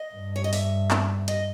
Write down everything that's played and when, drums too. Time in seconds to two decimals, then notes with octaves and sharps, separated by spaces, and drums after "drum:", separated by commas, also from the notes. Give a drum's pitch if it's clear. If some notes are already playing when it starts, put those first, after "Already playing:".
Already playing: D#5
0.15 G2
0.36 C#5
0.44 D#5
0.53 E5, drum: open hi-hat
0.91 drum: clap
1.28 D#5, drum: hi-hat